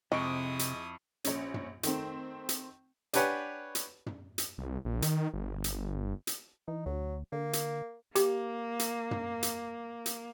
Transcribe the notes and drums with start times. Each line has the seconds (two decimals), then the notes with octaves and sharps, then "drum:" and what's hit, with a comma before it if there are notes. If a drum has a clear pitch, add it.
0.12 F2 C3 G#3 E4 D#5 C#6 D#6 D7
0.59 drum: hi-hat
1.24 A#1 C#4, drum: hi-hat
1.54 drum: tom
1.83 D#3 A3 C4, drum: hi-hat
2.49 drum: hi-hat
3.13 D4 G4 B4 C#5 F#5 G#5, drum: hi-hat
3.75 drum: hi-hat
4.06 drum: tom
4.38 drum: hi-hat
4.58 C2
4.85 A#1
5.02 D#3, drum: hi-hat
5.34 G1
5.64 drum: hi-hat
6.27 drum: hi-hat
6.68 E3 D#4
6.86 D2 F#3
7.32 D3 A#3
7.53 drum: hi-hat
8.15 A#3 G4, drum: hi-hat
8.79 drum: hi-hat
9.11 drum: tom
9.43 drum: hi-hat
10.06 drum: hi-hat